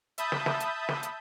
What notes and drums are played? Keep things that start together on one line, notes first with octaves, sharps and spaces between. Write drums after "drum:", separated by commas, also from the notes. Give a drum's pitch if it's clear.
E5 A5 B5 D#6 G6, drum: hi-hat
drum: snare
drum: snare
drum: hi-hat
drum: snare
drum: hi-hat